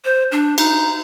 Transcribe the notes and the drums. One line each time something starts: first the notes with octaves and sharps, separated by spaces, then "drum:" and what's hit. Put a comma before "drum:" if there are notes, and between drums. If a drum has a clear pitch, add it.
C5
D4
D#4, drum: cymbal